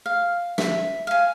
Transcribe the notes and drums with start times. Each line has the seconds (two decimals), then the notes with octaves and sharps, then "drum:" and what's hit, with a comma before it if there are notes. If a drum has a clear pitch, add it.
0.06 F5
0.58 E5, drum: snare
1.07 F5 G#5